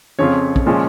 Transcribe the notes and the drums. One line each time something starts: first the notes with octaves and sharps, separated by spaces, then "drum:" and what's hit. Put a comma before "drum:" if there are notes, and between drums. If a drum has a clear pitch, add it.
F2 C#3 F3 C4 F4 C#5
drum: kick
A#2 F3 G#3 C#4 F4